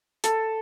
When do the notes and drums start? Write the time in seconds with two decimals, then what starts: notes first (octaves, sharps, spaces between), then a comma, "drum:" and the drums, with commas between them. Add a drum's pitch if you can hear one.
0.24 A4, drum: hi-hat